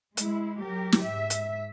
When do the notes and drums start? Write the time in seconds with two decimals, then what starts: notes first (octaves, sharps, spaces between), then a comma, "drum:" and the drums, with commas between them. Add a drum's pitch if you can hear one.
0.17 G#3 E4, drum: hi-hat
0.61 F#3 G4 A#4
0.92 drum: snare
1.02 G#2 E5
1.30 drum: hi-hat